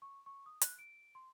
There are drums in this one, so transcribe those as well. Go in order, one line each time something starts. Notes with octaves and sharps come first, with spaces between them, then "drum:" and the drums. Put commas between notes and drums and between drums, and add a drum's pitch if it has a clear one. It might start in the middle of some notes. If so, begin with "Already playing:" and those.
C#6
C#6
D#6
F#6, drum: hi-hat
D7
C6